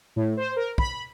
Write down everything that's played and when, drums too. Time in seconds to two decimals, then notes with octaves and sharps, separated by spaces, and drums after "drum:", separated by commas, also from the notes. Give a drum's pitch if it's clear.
0.16 A2
0.37 C5
0.56 A#4
0.78 B5, drum: kick